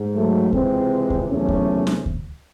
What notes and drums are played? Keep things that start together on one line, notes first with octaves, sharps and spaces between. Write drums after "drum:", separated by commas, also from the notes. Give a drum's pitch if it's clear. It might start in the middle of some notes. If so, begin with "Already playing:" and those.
Already playing: G#2
F#3 A3
C#2 C3 E3 G#3 C4, drum: kick D2
drum: kick D2
E2 C3 D#3 F#3 A3 C#4
drum: kick D2
drum: snare
drum: kick D2